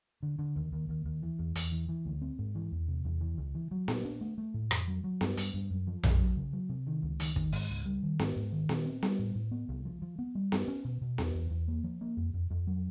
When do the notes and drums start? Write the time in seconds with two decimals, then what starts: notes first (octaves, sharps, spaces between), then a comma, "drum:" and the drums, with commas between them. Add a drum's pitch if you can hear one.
0.23 D3
0.39 D3
0.56 D#2
0.72 D#2
0.89 D#2
1.05 D#2
1.23 E3
1.39 E2
1.55 E2, drum: hi-hat
1.72 E3
1.89 E3
2.05 D2
2.22 C4
2.39 G#2
2.55 E3
2.72 E2
2.88 C3
3.05 E2
3.21 E3
3.38 C#2
3.55 E3
3.71 F#3
3.88 A#2, drum: snare B3
4.05 D4
4.21 A3
4.38 A3
4.54 A2
4.71 F2, drum: rim click
4.88 F#3
5.04 F#3
5.21 G2, drum: snare B3
5.37 G2, drum: hi-hat
5.54 G2
5.71 F#2
5.87 F3
6.03 F#2, drum: tom A#1
6.20 F#3
6.37 C#3
6.53 F#3
6.69 C3
6.87 D#3
7.03 C#2
7.20 D#3, drum: hi-hat
7.36 D#3, drum: kick
7.52 G#2, drum: open hi-hat
7.70 C#2
7.86 G3
8.03 D#3
8.19 G#2, drum: snare B3
8.36 G#2
8.52 D#3
8.69 A#2, drum: snare B3
8.85 C4
9.03 G3, drum: snare B3
9.19 A2
9.35 A2
9.51 B3
9.69 C2
9.85 F3
10.02 F3
10.19 B3
10.35 G3
10.52 G2, drum: snare B3
10.68 C#4
10.85 B2
11.01 B2
11.18 E2, drum: snare B3
11.35 E2
11.50 E2
11.68 A#3
11.84 F3
12.01 A#3
12.17 F2
12.34 F2
12.50 F2
12.67 F#3